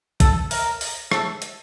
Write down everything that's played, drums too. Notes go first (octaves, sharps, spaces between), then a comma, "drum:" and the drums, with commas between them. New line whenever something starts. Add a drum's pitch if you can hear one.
A4, drum: kick, hi-hat
A#4, drum: open hi-hat
drum: open hi-hat
A4, drum: rim click
drum: hi-hat